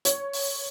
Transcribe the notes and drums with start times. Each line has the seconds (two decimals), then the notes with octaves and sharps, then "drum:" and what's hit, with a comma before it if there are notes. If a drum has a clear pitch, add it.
0.05 C#5, drum: hi-hat
0.33 drum: open hi-hat